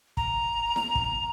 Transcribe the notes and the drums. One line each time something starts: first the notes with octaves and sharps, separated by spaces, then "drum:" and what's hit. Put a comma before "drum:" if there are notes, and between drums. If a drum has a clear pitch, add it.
A#5, drum: kick
drum: snare E4
drum: kick